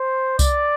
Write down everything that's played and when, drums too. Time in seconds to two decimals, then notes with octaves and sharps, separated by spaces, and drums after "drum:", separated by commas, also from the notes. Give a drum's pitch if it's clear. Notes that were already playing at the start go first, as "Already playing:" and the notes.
Already playing: C5
0.39 D5, drum: kick C2, tambourine